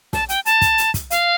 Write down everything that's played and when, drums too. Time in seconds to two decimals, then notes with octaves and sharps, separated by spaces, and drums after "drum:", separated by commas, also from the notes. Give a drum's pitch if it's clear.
0.13 A5, drum: snare
0.29 G5, drum: hi-hat
0.45 A5, drum: hi-hat
0.61 drum: kick, hi-hat
0.78 drum: hi-hat
0.94 drum: kick, hi-hat
1.10 F5, drum: hi-hat